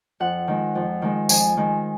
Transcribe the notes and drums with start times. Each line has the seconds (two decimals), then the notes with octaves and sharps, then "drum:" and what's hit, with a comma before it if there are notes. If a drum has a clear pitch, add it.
0.20 F2 F#5
0.48 D#3 G#3
0.75 F2
1.02 D#3 G#3
1.29 F2 G#5, drum: tambourine
1.57 D#3 G#3